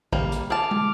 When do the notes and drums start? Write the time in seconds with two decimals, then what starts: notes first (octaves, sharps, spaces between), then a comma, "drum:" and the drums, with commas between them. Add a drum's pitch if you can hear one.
0.12 G3 A#3, drum: kick
0.32 drum: hi-hat
0.50 G#4 A5 D6 F6
0.71 drum: tom